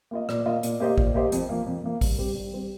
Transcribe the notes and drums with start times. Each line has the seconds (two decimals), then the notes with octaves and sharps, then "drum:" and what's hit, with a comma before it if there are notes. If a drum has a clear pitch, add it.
0.11 A#3 F4 D#5
0.29 A#2, drum: rim click
0.46 A#3 F4 D#5
0.63 A#2, drum: hi-hat
0.80 A#3 G4 C5 D#5
0.98 A#2, drum: kick
1.14 A#3 G4 C5 D#5
1.32 F2, drum: hi-hat
1.49 F3 A#3
1.66 F2
1.84 F3 A#3
2.01 G2, drum: kick, open hi-hat
2.18 G3 C4 G4
2.35 G2
2.52 G3 C4 G4